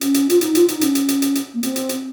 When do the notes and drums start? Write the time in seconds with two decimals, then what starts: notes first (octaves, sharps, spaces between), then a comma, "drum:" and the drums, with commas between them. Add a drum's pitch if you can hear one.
0.01 C#4, drum: hi-hat
0.14 drum: hi-hat
0.30 F4, drum: hi-hat
0.41 D#4, drum: hi-hat
0.55 F4, drum: hi-hat
0.68 D#4, drum: hi-hat
0.81 C#4, drum: hi-hat
0.95 drum: hi-hat
1.08 drum: hi-hat
1.22 drum: hi-hat
1.35 drum: hi-hat
1.54 A#3
1.63 C4, drum: hi-hat
1.76 drum: hi-hat
1.89 drum: hi-hat